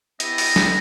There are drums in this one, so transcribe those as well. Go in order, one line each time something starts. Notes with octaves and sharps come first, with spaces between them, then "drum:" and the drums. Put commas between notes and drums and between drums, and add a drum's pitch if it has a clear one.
B3 E4 G4 D#5, drum: hi-hat
drum: open hi-hat
drum: snare